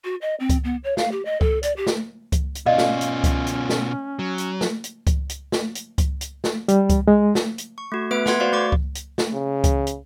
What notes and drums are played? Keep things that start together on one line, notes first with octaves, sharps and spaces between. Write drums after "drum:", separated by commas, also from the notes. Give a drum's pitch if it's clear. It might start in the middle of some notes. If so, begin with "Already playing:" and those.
F#4
D#5
C4
drum: kick C#2, hi-hat
B3
C#5
F5, drum: snare
G4
D#5
A4, drum: kick C#2
D5, drum: hi-hat
G4
drum: snare
drum: kick C#2, hi-hat
drum: hi-hat
B2 C#4 F4 D5 D#5 F5
drum: snare
drum: hi-hat
drum: kick C#2, hi-hat
drum: hi-hat
drum: snare
F#3
drum: hi-hat
drum: snare
drum: hi-hat
drum: kick C#2, hi-hat
drum: hi-hat
drum: snare
drum: hi-hat
drum: kick C#2, hi-hat
drum: hi-hat
drum: snare
G3, drum: hi-hat
drum: kick C#2, hi-hat
G#3
drum: snare
drum: hi-hat
C#6
A3 F#4
A3 B3 B4 E5 D7
B4 F#5 C6 G#6, drum: snare
F#4 C5 D5 F5
A3 F#4 D5 C#6 D6
drum: kick C#2
drum: hi-hat
drum: snare
C#3
drum: kick C#2, hi-hat
drum: hi-hat